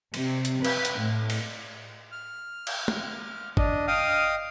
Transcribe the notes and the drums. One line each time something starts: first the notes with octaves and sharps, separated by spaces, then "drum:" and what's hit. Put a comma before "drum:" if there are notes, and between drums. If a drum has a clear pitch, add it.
C3, drum: cymbal
drum: hi-hat
B4, drum: cymbal
drum: hi-hat
A2
drum: cymbal
F6
drum: cymbal
drum: tom
D4 D#5, drum: kick G#1
D#5 F5 G5 D#6 F6